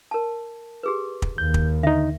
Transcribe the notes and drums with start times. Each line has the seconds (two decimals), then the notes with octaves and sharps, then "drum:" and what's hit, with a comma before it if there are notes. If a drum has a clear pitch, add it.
0.11 A#4 A5
0.83 G4 G#4 B4
1.22 drum: kick
1.38 D#2 G6
1.54 drum: kick
1.83 D3 D#4 E5